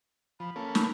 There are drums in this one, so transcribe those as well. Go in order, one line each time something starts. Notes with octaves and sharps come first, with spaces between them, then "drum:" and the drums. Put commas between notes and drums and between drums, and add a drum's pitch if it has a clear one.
F3 B5
A#3 C#4 A4
drum: snare